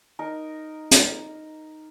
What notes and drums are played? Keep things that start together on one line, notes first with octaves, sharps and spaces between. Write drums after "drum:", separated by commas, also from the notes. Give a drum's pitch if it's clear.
D#4 A#4
drum: hi-hat